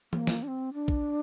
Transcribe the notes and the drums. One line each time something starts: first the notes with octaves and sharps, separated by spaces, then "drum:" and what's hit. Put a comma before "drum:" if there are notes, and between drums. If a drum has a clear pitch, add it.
A#3, drum: tom E3
drum: snare
D4
C4
D4
drum: kick